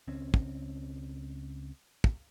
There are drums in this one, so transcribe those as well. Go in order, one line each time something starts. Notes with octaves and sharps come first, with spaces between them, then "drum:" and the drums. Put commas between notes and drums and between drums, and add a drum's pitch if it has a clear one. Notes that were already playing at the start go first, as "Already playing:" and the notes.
C#2 C4 C#4
drum: kick
drum: kick